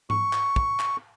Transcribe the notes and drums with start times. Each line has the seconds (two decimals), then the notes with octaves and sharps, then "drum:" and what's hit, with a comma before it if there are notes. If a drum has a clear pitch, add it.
0.10 C#6, drum: tom G#2
0.33 drum: clap
0.56 drum: kick
0.79 drum: clap